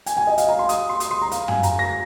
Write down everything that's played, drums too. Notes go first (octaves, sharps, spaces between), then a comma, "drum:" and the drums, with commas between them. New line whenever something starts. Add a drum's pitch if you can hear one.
G#5, drum: hi-hat
G#5
D#5
F5, drum: hi-hat
A#5
C6
D#6, drum: hi-hat
C6
D#6, drum: hi-hat
C6
A#5
F5, drum: hi-hat
G#5, drum: tom
A#5, drum: hi-hat
A#6